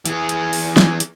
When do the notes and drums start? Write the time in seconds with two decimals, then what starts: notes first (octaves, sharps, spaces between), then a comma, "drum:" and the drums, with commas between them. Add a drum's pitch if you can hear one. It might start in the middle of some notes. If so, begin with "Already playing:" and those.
0.05 E3 G#4, drum: hi-hat
0.29 drum: hi-hat
0.53 drum: open hi-hat
0.77 drum: snare
1.00 drum: hi-hat